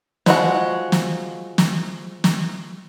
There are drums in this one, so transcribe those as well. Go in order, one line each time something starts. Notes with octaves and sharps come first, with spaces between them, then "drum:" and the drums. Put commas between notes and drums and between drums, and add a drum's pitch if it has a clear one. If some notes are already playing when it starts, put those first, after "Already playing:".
F3 G#3 F#4, drum: snare
drum: snare
drum: snare
drum: snare